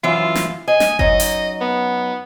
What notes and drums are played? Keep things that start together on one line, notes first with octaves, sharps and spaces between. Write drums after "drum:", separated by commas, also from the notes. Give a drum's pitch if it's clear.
F#2 E3 F4 E5
drum: snare
D#5 G#5
drum: snare
F#2 D#4 D#5, drum: kick F#1
drum: open hi-hat
B3